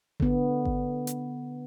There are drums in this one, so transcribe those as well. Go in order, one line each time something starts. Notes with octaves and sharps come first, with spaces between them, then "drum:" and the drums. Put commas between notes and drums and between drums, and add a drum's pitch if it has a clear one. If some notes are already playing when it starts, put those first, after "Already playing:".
D3 B3, drum: kick G#1
drum: kick G#1
drum: hi-hat